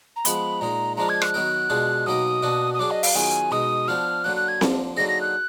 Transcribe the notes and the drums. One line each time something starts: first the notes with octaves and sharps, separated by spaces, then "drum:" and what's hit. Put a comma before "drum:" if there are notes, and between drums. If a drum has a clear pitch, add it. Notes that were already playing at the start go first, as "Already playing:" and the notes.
A#5
F3 G#3 B3 B5, drum: hi-hat
A#2 G#3 D#4 A#5
F3 G#3 D4 F4 A#5
G#6
F#6, drum: rim click
D#3 F#3 B3 D#4 A#4
B2 G#3 D4 F4 G#4
B2 F#3 A#3 D#4 A#4 D#6
B2 A#3 D4 F#4
D#6
F#3 D4 G#4 D6
D#5
F5, drum: open hi-hat
D#3 F#3 B3 F4 G#4 G#5
B2 G#3 D#4 D#6
F3 B3 D4 F6
D3 F#3 A#3 F#6
F#6
G#6
D3 F3 A#3, drum: snare C4
D3 F#3 A#3 D#4 G#4 A#6
A#6
F#6